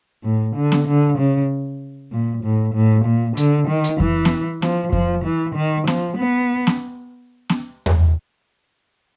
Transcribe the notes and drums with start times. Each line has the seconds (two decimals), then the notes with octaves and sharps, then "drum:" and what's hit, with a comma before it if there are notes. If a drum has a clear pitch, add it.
0.24 A2
0.56 D3
0.72 drum: snare B3
0.88 D3
1.18 C#3
2.12 A#2
2.44 A2
2.74 A2
3.05 A#2
3.37 D3, drum: hi-hat
3.68 D#3
3.84 drum: hi-hat
4.00 E3, drum: kick F2
4.25 drum: snare B3
4.62 F3, drum: snare B3
4.93 F3, drum: kick F2
5.25 E3
5.55 D#3
5.87 F3, drum: snare B3
6.17 B3
6.67 drum: snare B3
7.49 drum: snare B3
7.86 drum: tom E2